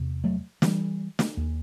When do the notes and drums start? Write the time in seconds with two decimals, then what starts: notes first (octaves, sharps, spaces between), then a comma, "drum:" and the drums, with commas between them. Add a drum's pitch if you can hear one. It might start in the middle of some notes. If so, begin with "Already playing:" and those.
Already playing: E2 C3
0.24 F#3 A3
0.62 E3 G3, drum: snare
1.19 drum: snare
1.37 D#2